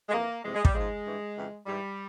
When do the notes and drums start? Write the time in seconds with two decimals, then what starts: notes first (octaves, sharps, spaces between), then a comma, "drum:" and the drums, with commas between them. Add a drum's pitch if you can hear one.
0.09 G#3
0.13 F2 E3 A#3
0.44 F2 C3 E3 G#3
0.54 G#3
0.65 G3, drum: kick
0.75 G#2 F3 G#3
1.05 G2 E3
1.36 F2 C#3 E3
1.67 G#2 E3 G3